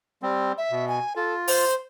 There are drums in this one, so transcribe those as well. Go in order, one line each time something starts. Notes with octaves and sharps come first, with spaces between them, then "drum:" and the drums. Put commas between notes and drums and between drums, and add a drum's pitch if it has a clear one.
G3 C4
E5
B2
G#5
F4 A4
C5, drum: open hi-hat